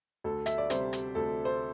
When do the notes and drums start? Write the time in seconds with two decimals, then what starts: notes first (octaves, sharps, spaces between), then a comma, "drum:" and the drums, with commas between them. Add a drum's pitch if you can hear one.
0.24 D2 A4
0.46 E5, drum: hi-hat
0.58 D5
0.70 C3 G3 C5, drum: hi-hat
0.93 drum: hi-hat
1.15 D2 A4
1.45 C5